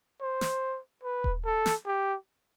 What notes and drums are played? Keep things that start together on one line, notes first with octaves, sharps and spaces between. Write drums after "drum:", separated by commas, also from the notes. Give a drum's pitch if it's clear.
C5
drum: snare
B4
drum: kick D#1
A4
drum: snare
G4